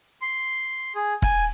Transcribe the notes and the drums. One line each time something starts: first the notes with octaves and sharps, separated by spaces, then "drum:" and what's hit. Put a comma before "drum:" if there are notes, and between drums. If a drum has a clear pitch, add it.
C6
G#4
G#5, drum: kick E1